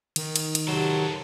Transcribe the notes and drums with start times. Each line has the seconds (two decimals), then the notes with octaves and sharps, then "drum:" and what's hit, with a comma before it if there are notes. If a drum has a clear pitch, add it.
0.16 D#3, drum: cymbal
0.36 drum: cymbal
0.55 drum: cymbal
0.67 C3 F#3 A4 C5